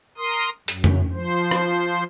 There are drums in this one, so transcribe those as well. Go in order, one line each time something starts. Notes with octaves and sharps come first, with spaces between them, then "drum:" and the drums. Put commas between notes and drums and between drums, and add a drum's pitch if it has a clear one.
A#4 C6 D#6
F#2, drum: hi-hat
drum: tom
F3 C5
drum: rim click